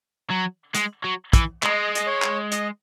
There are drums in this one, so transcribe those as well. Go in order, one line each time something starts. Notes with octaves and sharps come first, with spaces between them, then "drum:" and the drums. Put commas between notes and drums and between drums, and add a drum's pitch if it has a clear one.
F#3
G#3, drum: hi-hat
F#3
E3, drum: kick, hi-hat
G#3 D#5, drum: clap
D#5, drum: hi-hat
C#5
drum: clap
D#5, drum: hi-hat